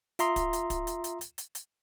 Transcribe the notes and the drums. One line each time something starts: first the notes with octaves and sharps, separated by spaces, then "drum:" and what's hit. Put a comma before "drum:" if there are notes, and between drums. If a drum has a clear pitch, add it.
F4 E5 A#5 C6 D#6, drum: hi-hat
drum: kick, hi-hat
drum: hi-hat
drum: kick, hi-hat
drum: hi-hat
drum: hi-hat
drum: hi-hat
drum: hi-hat
drum: hi-hat